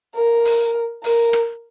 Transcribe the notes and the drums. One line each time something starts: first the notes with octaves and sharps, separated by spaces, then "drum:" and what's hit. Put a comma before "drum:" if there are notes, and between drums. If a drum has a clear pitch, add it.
A#4
drum: open hi-hat
A#4, drum: open hi-hat
drum: rim click